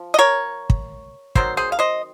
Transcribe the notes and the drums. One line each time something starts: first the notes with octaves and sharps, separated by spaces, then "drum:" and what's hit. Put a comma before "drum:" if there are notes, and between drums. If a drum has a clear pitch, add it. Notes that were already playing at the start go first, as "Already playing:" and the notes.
Already playing: F3
D#5
A#4 C#5
drum: kick
D#3 F#3 C4 C5, drum: kick
G#4 C5
F5
C5 D#5